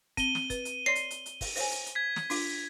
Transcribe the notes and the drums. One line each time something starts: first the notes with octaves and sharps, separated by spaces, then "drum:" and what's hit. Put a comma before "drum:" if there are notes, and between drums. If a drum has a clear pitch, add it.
C4 D#7 G7, drum: kick, hi-hat
drum: snare
B4, drum: kick, hi-hat
drum: hi-hat
C#5 D5 C6 C7
drum: hi-hat
drum: hi-hat
drum: hi-hat
drum: kick, open hi-hat
C5 C#5 G#5, drum: open hi-hat
drum: hi-hat
drum: hi-hat
G#6 B6
drum: snare
D4 F4, drum: open hi-hat